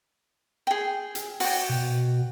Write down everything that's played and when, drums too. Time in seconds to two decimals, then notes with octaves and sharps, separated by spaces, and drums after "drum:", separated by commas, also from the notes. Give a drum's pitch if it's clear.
0.67 G#4 G5
1.15 drum: hi-hat
1.40 F#4 G5, drum: open hi-hat
1.69 B2